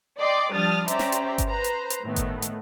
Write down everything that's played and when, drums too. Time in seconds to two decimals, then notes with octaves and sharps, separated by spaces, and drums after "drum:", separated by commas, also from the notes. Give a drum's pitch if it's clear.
0.21 D5 D#5 G5 C6 D6
0.52 F3 G3 D4 D#6 F6 A6
0.88 C#4 G4 C5 D5 E5 A#5, drum: hi-hat
0.99 drum: snare
1.12 drum: hi-hat
1.38 drum: kick G1, hi-hat
1.48 B4 C5 A#5
1.64 drum: hi-hat
1.90 drum: hi-hat
2.03 A2 D#3 A3 B3
2.16 drum: kick G1, hi-hat
2.42 drum: hi-hat